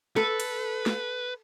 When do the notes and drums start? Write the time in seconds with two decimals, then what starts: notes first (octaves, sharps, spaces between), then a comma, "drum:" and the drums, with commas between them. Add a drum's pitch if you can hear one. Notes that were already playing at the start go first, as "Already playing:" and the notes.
0.16 A4 B4, drum: snare
0.40 drum: cymbal
0.86 drum: snare